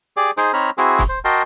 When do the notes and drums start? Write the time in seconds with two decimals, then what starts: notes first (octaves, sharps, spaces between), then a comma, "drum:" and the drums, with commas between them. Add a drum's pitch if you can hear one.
0.17 G4 G#4 D5 D6
0.37 D#4 G#4 C5, drum: hi-hat
0.53 C4 D#4 C#5 A#5 B5 F6
0.78 C4 E4 F#4 G#4, drum: hi-hat
0.99 drum: kick, hi-hat
1.09 C5
1.25 F#4 A#4 D#5 G5 A5 C6